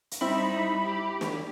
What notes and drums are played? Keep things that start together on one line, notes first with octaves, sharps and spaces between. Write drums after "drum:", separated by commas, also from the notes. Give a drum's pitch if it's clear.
drum: hi-hat
G3 C4 D#4 E4 E5 B5
G4
drum: snare